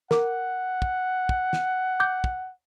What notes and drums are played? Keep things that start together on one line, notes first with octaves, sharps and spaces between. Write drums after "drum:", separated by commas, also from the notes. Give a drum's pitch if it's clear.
A#4 F#5 D6, drum: snare
drum: kick
drum: kick
drum: snare
D6 G6
drum: kick